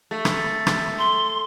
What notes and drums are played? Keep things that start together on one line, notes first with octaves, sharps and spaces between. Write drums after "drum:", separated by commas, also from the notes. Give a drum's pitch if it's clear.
A3
drum: rim click
drum: rim click
C6